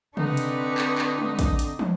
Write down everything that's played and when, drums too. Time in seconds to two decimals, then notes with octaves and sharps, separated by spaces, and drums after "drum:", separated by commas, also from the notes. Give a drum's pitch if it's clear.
0.17 D3 C4 D4 D#4 B4 C#6, drum: tom
0.37 drum: hi-hat
0.78 drum: clap
0.98 drum: clap
1.18 drum: tom G3
1.39 drum: kick, hi-hat
1.59 drum: hi-hat
1.79 drum: tom